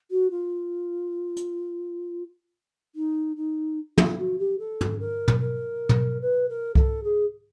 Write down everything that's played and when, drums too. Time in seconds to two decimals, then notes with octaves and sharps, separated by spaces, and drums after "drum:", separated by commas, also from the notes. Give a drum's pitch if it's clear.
0.11 F#4
0.31 F4
1.36 drum: hi-hat
2.95 D#4
3.37 D#4
3.98 F4, drum: tom
4.18 F#4
4.39 G4
4.59 A4
4.81 drum: tom
5.00 A#4
5.28 drum: tom
5.40 A#4
5.89 drum: tom
6.21 B4
6.49 A#4
6.75 A4, drum: kick C2
7.04 G#4